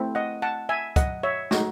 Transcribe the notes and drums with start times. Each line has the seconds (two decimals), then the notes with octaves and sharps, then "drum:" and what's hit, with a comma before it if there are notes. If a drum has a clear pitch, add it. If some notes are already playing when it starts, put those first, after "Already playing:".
Already playing: A3 C4 E4
0.15 D#5 F#5
0.42 F#5 A5
0.69 E5 G#5
0.96 D#5 F#5, drum: kick, hi-hat
1.23 C#5 E5
1.51 A3 D#4 F#4, drum: snare